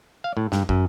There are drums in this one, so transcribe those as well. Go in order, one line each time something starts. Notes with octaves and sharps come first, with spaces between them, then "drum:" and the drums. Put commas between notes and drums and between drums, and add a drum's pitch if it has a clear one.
F5
A2
G2, drum: snare
F#2, drum: kick